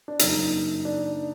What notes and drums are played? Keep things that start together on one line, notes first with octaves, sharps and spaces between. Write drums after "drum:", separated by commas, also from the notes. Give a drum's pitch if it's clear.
D4
F#2 C#3 F#3 A#3 D#4, drum: hi-hat
D4